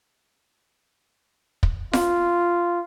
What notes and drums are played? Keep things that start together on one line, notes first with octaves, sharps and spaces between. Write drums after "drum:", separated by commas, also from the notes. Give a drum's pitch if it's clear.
drum: kick
F4, drum: snare F4